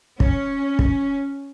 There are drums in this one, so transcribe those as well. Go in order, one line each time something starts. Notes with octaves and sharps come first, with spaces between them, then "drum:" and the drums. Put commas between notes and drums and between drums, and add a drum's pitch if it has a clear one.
C#4, drum: kick
drum: kick